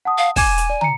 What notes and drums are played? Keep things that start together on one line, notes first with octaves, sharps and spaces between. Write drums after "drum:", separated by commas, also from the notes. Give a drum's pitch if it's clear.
F#5 A5 D#6
F5
G#5 D6 G#6 E7, drum: kick, open hi-hat
drum: hi-hat
D5
A#5 C#7, drum: tom